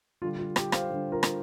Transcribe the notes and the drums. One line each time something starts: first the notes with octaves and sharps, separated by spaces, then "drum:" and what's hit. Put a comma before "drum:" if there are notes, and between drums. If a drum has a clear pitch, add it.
D3 G3 D4 F4
F4
G4, drum: rim click
C5 F5, drum: rim click
D3 G3 D4
F4 A#4
drum: rim click